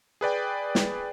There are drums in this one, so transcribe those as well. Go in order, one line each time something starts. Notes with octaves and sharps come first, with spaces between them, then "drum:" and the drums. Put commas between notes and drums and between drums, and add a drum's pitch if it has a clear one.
G#4 B4 D5 G5
drum: snare